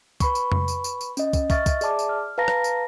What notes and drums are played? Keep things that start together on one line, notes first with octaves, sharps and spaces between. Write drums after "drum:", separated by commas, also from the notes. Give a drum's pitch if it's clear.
B4 B5 C#6, drum: kick, tambourine
drum: tambourine
drum: tom F2
drum: tambourine
drum: tambourine
drum: tambourine
C#4 D#5, drum: tambourine
drum: kick, tambourine
D#5 E5 C#6 F6 A6, drum: kick, tambourine
drum: kick, tambourine
G#4 D5 E5 A5 D6, drum: tambourine
drum: tambourine
F6
B4 F5 A5 A#5 A#6
drum: rim click
drum: tambourine